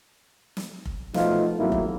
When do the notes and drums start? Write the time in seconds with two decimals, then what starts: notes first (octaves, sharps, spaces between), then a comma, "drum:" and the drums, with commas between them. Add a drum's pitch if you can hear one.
0.57 drum: snare
0.85 drum: kick F1
1.14 B2 F3 A3 B3 D#4 F4, drum: snare
1.59 G#1 F#3 A3 A#3 E4
1.72 drum: kick F1